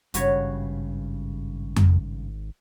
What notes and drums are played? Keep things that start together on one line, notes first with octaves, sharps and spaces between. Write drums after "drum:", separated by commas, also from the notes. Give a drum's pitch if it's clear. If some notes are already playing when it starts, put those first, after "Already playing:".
G#1 G2 C#3 F#4 B4 C#5, drum: hi-hat
drum: tom F2